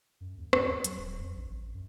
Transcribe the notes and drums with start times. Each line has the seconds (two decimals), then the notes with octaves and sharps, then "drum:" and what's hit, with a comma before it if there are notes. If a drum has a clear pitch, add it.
0.21 F#2
0.38 D#2
0.53 G2, drum: rim click
0.68 D#2
0.84 F#3, drum: hi-hat
0.98 D1
1.18 F2
1.35 A#1
1.47 A1
1.60 A1
1.74 F#2